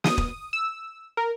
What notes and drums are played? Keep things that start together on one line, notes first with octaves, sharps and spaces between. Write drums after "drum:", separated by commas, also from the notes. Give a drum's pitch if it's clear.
D#6, drum: snare
drum: kick E1
E6
A#4